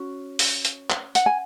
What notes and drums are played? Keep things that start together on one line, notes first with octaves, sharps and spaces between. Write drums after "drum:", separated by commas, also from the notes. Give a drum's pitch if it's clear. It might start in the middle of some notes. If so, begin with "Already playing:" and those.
Already playing: C#4 F#4
drum: open hi-hat
drum: hi-hat
drum: clap
F#5, drum: hi-hat
G#5